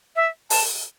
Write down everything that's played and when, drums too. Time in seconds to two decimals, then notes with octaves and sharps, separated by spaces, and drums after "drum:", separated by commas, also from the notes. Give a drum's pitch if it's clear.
0.16 E5
0.50 A5, drum: open hi-hat